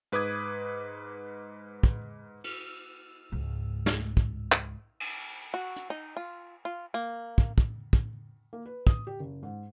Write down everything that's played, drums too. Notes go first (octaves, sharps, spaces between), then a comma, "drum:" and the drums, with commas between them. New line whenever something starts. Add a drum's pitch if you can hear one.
G#2 B4 D6 D#6 G#6, drum: hi-hat
drum: kick
drum: cymbal
C#2 G#2
drum: snare
drum: kick
drum: clap
drum: cymbal
F#4
drum: hi-hat
D#4
F4
F4
A#3
drum: kick
drum: kick
drum: kick
A#3
B4
D#6, drum: kick
G4
F#1
G#2